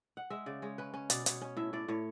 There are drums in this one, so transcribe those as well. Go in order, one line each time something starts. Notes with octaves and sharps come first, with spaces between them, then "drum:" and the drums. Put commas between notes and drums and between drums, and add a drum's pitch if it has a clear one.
F#5
G#3 E5
C#3 D5
G#3 C#5
C#4 B4
C#4
B2 D5, drum: hi-hat
B2 C#5, drum: hi-hat
C#4
A2 E5
A2 D5
A2 C#5